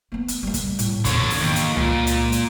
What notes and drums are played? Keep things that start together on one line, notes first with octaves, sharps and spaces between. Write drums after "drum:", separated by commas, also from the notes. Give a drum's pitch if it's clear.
A#3 B3
drum: hi-hat
G3 A#3
drum: kick, hi-hat
A2, drum: hi-hat
E2 A#2 D3 C#5, drum: kick, hi-hat
drum: open hi-hat
D#2 G#2 F3
drum: hi-hat
C#2 A#2 G#3
drum: hi-hat
drum: hi-hat